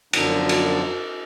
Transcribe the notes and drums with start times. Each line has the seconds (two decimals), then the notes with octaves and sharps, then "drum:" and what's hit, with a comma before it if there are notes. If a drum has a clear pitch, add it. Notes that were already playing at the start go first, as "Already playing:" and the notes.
0.13 F#2 D3 F3 B3 D4 D#4, drum: cymbal
0.49 drum: cymbal